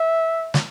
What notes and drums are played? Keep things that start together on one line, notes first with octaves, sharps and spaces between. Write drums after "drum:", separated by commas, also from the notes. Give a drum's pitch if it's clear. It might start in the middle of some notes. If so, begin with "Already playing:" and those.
Already playing: E5
drum: snare